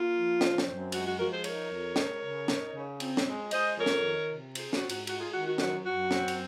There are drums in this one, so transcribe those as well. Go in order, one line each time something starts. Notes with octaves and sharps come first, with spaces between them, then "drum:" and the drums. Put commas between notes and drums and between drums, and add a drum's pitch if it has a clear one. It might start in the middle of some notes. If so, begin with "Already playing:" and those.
Already playing: A#3 F4
F3
C4, drum: snare
drum: snare
F#2
G#3 F#4, drum: cymbal
F#4
F3 F#4 A#4
G#4 C5
D#4 A#4 C#5, drum: cymbal
F2
G#3, drum: snare
C#3
D#4, drum: snare
C#3
C4, drum: cymbal
drum: snare
G#3
G#3 C5 D#5, drum: cymbal
F2 A#4 C#5
drum: snare
D#3
C3
C4 G#4 C5, drum: cymbal
F#4, drum: snare
G#2
F#4, drum: cymbal
G#3 F#4, drum: cymbal
F4 G#4
D#3 F#4
F#4
F#2 F#4, drum: snare
F#2 F#4
C4, drum: snare
drum: cymbal